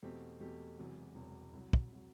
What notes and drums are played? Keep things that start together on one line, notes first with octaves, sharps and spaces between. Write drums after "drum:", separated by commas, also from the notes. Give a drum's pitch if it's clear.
E2 B2 A3 C4 G4
E2 B2 A3 C4 G4
E1 E2 C3 F#3
E1 E2 C3 F#3
C2 C3 F#3
drum: kick
C3 F#3